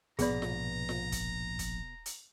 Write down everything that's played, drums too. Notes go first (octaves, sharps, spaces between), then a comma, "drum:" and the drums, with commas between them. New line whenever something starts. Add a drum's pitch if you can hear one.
A#1 G#2 B2 B3 G#4 D5 A#5 B5, drum: hi-hat
drum: snare F4
drum: snare F4
drum: kick, hi-hat
drum: kick, hi-hat
drum: hi-hat